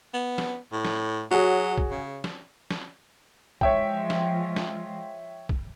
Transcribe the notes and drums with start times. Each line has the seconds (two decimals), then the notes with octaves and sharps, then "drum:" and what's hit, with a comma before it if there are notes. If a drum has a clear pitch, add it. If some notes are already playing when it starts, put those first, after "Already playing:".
0.14 B3
0.38 drum: snare
0.72 A2
0.85 drum: snare
1.31 F#3 F#4 G#4 C#5
1.78 drum: kick
1.91 C#3
2.24 drum: snare
2.71 drum: snare
3.61 F3 G#3 F4 C#5 E5 G5, drum: kick
4.10 drum: snare
4.56 drum: snare
5.49 drum: kick